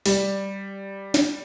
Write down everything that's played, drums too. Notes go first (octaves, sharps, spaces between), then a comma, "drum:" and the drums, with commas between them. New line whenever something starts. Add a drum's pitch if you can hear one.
G3, drum: open hi-hat
drum: snare